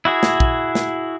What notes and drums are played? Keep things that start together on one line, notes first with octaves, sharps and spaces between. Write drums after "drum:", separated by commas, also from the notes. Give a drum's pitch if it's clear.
E4 F#4 G#4
drum: snare
drum: kick
drum: snare